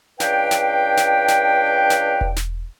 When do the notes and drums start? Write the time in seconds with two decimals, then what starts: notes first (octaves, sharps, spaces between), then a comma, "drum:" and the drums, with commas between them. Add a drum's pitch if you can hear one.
0.20 C#2 D4 B4 F5 G5, drum: snare
0.51 drum: snare
0.97 drum: snare
1.28 drum: snare
1.90 drum: snare
2.21 drum: kick E1
2.36 drum: snare